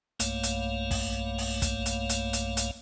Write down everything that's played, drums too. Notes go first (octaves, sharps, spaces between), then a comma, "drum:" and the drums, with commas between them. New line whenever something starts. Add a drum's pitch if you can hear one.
B1 G2 A3 A#3 C#5 F5, drum: hi-hat
drum: hi-hat
drum: kick, open hi-hat
drum: open hi-hat
drum: kick, hi-hat
drum: hi-hat
drum: hi-hat
drum: hi-hat
drum: hi-hat